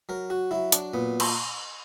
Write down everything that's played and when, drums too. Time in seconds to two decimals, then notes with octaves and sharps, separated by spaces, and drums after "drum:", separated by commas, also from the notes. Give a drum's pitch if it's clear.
0.09 F#3 A#4
0.30 F#4
0.51 F#3 E4
0.72 D4, drum: hi-hat
0.94 A#2 B3
1.20 drum: cymbal